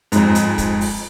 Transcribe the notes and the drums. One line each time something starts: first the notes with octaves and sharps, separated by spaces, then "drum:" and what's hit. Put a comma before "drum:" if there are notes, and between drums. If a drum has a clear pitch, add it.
F2 G#2, drum: hi-hat
drum: hi-hat
drum: kick, hi-hat
drum: open hi-hat